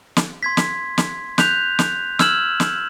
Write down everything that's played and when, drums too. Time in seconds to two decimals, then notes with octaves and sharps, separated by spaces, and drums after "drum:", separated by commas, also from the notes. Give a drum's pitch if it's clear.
0.17 drum: snare
0.43 C6 G#6 B6
0.57 drum: snare
0.98 drum: snare
1.38 F#6 G6 B6 F7, drum: snare
1.79 drum: snare
2.19 E6 F6 G#6 E7 F#7, drum: snare
2.60 drum: snare